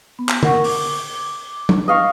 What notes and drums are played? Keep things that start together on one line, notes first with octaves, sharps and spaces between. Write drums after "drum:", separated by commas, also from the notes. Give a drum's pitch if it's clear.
B3
drum: clap
A#4 F#5 C#6, drum: tom
D6, drum: open hi-hat
drum: tom
D#5 F5 C#6